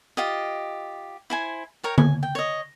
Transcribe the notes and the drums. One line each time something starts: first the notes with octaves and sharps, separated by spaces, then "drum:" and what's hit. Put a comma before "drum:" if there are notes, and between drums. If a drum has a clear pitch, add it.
F4 G4 D#5
E4 C5 G#5
A#4 C#5 G5
G#5, drum: tom D3
G5
C#5 D#5